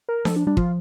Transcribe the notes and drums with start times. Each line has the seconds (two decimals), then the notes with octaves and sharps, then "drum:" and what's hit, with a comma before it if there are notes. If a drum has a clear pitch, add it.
0.09 A#4
0.25 F3 A4, drum: snare D4
0.36 D4
0.47 G3 D4
0.57 F3 F4, drum: kick